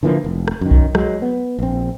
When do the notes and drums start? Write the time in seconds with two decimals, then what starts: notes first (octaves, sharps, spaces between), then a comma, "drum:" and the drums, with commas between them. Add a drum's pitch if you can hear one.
0.03 D3 E3 F3 A#3
0.24 F1
0.48 drum: rim click
0.61 F#2 D#3
0.71 drum: kick B1
0.95 F#3 G#3, drum: rim click
1.22 B3
1.59 A#1 C4